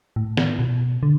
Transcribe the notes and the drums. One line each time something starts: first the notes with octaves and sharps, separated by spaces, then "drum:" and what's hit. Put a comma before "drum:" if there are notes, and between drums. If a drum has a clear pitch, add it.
A2
drum: snare
B2
D3